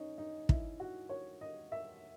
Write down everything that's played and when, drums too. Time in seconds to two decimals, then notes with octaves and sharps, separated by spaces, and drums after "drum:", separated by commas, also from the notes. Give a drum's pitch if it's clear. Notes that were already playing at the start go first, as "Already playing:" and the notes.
Already playing: C#4 D#4
0.18 D#4
0.49 E4, drum: kick
0.80 F#4
1.09 C#5
1.41 D#5
1.72 E5